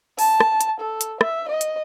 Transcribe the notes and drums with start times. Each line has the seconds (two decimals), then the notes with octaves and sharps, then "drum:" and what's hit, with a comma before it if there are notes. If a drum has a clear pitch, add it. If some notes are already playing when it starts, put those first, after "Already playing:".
0.19 A5, drum: open hi-hat
0.40 drum: rim click
0.61 drum: hi-hat
0.80 A4
1.01 drum: hi-hat
1.21 E5, drum: rim click
1.49 D#5
1.61 drum: hi-hat